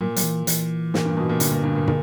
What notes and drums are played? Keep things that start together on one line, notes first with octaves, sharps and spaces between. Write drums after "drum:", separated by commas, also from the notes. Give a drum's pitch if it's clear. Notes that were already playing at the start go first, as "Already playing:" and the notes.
A#2 F#3
F#3, drum: hi-hat
E3
E3, drum: hi-hat
A#2, drum: snare
G2
B2
A#2
G2 D3, drum: hi-hat
A#2
G2
A#2
A#2, drum: tom